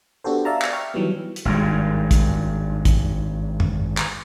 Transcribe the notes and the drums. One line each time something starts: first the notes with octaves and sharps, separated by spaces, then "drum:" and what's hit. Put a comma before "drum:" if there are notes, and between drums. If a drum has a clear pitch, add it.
B3 D4 F#4 G4 A4 C5
D5 E5 F5 A5 A#5
drum: clap
E5 G5 C#6 F6
D#3 E3 F#3 G3 B3
drum: hi-hat
G#1 G2 G#3
drum: kick, hi-hat
drum: kick, hi-hat
drum: tom F#2
drum: clap